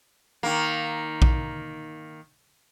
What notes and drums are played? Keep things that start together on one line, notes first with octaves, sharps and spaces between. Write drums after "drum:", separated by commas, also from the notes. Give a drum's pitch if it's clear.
D#3 A#3
drum: kick A#1